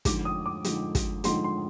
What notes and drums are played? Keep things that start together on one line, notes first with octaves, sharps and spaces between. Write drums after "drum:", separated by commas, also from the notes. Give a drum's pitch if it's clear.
F2 D3 F3 G#3 D#4 D6, drum: kick, hi-hat
D#6
D6
F2 D3 F3 G#3 D#4, drum: hi-hat
drum: kick, hi-hat
F2 D3 F3 G#3 D#4 C6, drum: hi-hat
C6